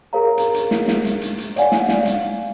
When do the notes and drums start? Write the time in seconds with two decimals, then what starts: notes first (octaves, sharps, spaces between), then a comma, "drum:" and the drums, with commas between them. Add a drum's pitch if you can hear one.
0.13 G#4 A#4 C#5 F5 A#5
0.37 drum: hi-hat
0.54 drum: hi-hat
0.71 drum: snare
0.88 drum: snare
1.05 drum: hi-hat
1.21 drum: hi-hat
1.38 drum: hi-hat
1.56 C#5 D5 F5 F#5 G#5, drum: hi-hat
1.72 drum: snare
1.89 F5, drum: snare
2.05 drum: hi-hat